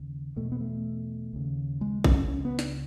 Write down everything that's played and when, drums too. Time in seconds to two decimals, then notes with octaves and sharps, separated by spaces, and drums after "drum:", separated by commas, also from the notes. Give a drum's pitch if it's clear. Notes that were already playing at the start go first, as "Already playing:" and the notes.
Already playing: D#2 C#3
0.36 E2 B2 A3
0.52 B3
0.60 A3
1.33 D#2 C#3
1.81 G#3
2.04 C#4, drum: kick A1
2.28 C#2 C#3 C#4
2.45 B3
2.59 drum: snare